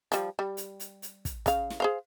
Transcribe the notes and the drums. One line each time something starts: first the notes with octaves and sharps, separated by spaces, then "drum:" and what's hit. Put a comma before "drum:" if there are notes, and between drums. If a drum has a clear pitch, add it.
F3 G3, drum: hi-hat
G3
drum: hi-hat
drum: hi-hat
drum: hi-hat
drum: kick, hi-hat
C#3 F5, drum: kick, hi-hat
drum: snare
G#4 C5 F5